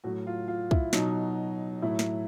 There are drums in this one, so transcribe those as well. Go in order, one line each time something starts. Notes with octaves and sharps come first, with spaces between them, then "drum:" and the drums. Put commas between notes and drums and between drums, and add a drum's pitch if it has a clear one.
A2 F#3 F#4
F4
F4
E4, drum: kick
B2 F#3 D#4, drum: snare
A2 F#3 E4
drum: snare